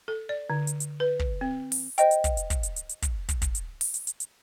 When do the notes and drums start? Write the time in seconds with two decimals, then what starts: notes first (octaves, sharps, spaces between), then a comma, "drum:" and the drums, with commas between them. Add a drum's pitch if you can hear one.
0.08 A4
0.29 D5
0.50 D3
0.67 drum: hi-hat
0.80 drum: hi-hat
1.00 B4
1.19 drum: kick
1.41 C4
1.72 drum: open hi-hat
1.98 C5 D#5 G5, drum: hi-hat
2.11 drum: hi-hat
2.24 drum: kick, hi-hat
2.37 drum: hi-hat
2.50 drum: kick, hi-hat
2.63 drum: hi-hat
2.76 drum: hi-hat
2.89 drum: hi-hat
3.02 drum: kick, hi-hat
3.29 drum: kick, hi-hat
3.42 drum: kick, hi-hat
3.55 drum: hi-hat
3.81 drum: open hi-hat
3.94 drum: hi-hat
4.07 drum: hi-hat
4.20 drum: hi-hat